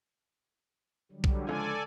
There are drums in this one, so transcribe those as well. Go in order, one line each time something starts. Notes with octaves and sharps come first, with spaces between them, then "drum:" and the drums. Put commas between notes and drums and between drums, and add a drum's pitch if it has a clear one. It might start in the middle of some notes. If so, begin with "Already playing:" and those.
D3 F#3 G3
drum: kick B1
C#2 D3 F3 A4 D5 G#5